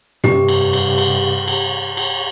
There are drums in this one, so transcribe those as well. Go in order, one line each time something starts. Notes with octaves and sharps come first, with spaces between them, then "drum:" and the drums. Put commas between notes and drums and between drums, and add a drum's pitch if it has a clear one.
G2 C3 G4, drum: tom
drum: cymbal
drum: cymbal
drum: cymbal
drum: cymbal
drum: cymbal